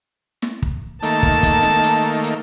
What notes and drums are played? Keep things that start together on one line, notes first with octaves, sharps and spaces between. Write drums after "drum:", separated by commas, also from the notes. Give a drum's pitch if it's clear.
drum: snare
drum: kick
D#3 A3 A#3 A5, drum: hi-hat
drum: kick
drum: kick, hi-hat
drum: snare
drum: hi-hat
drum: hi-hat